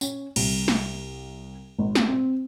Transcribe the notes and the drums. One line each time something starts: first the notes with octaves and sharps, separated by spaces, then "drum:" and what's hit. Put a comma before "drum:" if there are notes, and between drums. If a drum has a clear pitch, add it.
C#4, drum: tambourine
C2, drum: cymbal
drum: snare
G#1
drum: snare
C4